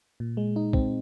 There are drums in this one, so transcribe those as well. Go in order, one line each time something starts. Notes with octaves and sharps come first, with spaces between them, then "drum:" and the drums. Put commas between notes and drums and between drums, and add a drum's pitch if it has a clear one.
A#2
G#3
D#4
C4, drum: kick